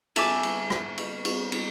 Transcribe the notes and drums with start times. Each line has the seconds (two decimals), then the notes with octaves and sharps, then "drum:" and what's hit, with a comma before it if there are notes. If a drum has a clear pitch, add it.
0.16 A4 E5 G#5 D6, drum: cymbal
0.43 drum: cymbal
0.70 drum: rim click
0.98 drum: cymbal
1.25 drum: cymbal
1.52 drum: cymbal